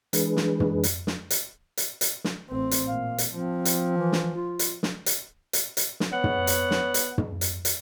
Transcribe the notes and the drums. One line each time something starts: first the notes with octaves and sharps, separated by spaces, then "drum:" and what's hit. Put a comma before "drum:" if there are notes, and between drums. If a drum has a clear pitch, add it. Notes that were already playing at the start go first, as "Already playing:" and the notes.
E3 G#3 D4 G#4 B4, drum: hi-hat
drum: snare
drum: tom
drum: hi-hat
drum: snare
drum: hi-hat
drum: hi-hat
drum: hi-hat
drum: snare
A1 C4
drum: hi-hat
A#2 F5
drum: hi-hat
F3 C4
drum: hi-hat
E3
drum: snare
F4
drum: hi-hat
drum: snare
drum: hi-hat
drum: hi-hat
drum: hi-hat
drum: snare
B3 C#5 F#5
drum: tom
drum: hi-hat
drum: snare
drum: hi-hat
drum: tom
drum: hi-hat
drum: hi-hat